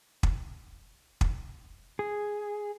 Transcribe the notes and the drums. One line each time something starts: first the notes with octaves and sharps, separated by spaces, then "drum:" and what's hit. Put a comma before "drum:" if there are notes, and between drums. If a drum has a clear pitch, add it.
drum: kick
drum: kick
G#4